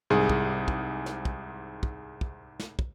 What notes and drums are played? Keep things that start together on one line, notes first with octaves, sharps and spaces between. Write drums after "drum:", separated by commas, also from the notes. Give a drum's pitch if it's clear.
C2 G#2 G#4
drum: kick
drum: kick
drum: snare
drum: kick
drum: kick
drum: kick
drum: snare
drum: kick